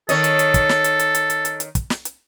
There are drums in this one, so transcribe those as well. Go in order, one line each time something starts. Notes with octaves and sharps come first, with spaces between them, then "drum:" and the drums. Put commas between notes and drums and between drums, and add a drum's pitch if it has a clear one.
D#3 A4 C#5 D#5, drum: hi-hat
drum: hi-hat
drum: hi-hat
drum: kick, hi-hat
drum: snare
drum: hi-hat
drum: hi-hat
drum: hi-hat
drum: hi-hat
drum: hi-hat
drum: hi-hat
drum: kick, hi-hat
drum: snare
drum: hi-hat